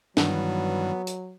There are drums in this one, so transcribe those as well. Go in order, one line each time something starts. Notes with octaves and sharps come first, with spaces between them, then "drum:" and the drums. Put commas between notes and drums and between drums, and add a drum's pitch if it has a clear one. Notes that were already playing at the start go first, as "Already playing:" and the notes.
G2 D#3 E3 F#3 G3 B3, drum: snare
drum: hi-hat